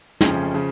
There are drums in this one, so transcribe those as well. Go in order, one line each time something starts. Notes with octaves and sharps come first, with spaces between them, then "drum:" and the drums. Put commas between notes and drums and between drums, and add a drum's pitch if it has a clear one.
F1 F2 C#3 F3 C#4, drum: snare
C#3 F3